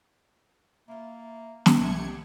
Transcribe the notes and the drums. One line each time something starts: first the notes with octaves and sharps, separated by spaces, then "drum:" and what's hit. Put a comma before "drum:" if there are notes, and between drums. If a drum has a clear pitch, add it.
A#3 E4 F4
drum: snare
C2 A#2 C#3 A4 E5 G#6 C#7
B2 D3 G4